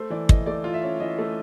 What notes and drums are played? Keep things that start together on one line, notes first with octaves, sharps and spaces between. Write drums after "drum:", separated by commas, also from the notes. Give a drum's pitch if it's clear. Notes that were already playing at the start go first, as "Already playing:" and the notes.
Already playing: A3 C5
E3 D5
E3 D#5, drum: kick
A3 D5
F4
E5
C#4
E3 D#5
A3